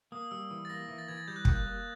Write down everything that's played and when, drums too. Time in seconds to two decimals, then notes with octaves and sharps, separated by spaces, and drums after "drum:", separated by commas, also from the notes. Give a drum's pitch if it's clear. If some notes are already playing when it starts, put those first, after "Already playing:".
0.12 A#3 D#6
0.31 G3 E6
0.51 E3
0.65 A6
0.69 A#3 A#6
0.88 E3
0.98 A6
1.08 E3 G#6
1.17 A6
1.28 G3 G6
1.36 F#6
1.45 A#3 G6, drum: kick
1.56 F#6
1.66 A#3